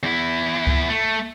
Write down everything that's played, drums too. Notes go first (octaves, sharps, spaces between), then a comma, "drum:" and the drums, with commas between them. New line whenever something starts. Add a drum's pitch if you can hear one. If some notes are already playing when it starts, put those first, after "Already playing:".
E2 E4
drum: kick C#2
A3